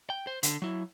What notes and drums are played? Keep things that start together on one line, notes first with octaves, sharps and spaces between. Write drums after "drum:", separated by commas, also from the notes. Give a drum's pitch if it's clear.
G5
C5
D3, drum: hi-hat
F#3 E4